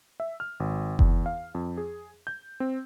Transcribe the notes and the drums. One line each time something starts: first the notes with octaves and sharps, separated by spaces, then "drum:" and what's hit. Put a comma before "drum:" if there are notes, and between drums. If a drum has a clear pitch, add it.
E5
F6
G#1
E2, drum: kick F#1
F5
F2
G#4
G6
C4